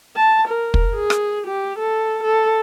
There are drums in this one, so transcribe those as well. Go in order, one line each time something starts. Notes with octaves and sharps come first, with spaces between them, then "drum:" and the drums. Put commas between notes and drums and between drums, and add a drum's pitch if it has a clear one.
A5
A#4
drum: kick
G#4
drum: rim click
G4
A4
A4